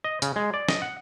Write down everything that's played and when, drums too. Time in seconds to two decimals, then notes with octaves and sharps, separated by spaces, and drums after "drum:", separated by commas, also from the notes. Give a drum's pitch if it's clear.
0.04 D#5
0.22 C#3, drum: hi-hat
0.36 G#3
0.54 D5
0.69 D#5, drum: snare
0.82 F#5